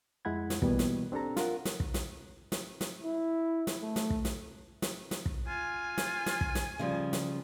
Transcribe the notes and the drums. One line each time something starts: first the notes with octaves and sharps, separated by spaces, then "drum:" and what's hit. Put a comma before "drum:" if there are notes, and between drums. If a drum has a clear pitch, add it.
F2 G#3 E4 F#5 B5 G#6
drum: snare
B2 E3 G3 A#3 B3, drum: kick
drum: snare
C4 D4 G4 A4 A#5
F4 A#4 F#5, drum: snare
drum: snare
drum: kick
drum: snare
drum: snare
drum: snare
E4
drum: snare
A3
drum: snare
drum: kick
drum: snare
drum: snare
drum: snare
drum: kick
F4 G#5
drum: snare
drum: snare
drum: kick
drum: snare
C#3 F3 G3
drum: snare